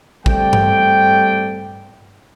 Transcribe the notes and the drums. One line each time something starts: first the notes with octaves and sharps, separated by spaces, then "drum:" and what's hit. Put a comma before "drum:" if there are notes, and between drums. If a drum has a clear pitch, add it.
G3 A3 C4 D5 G5, drum: kick
drum: tom G2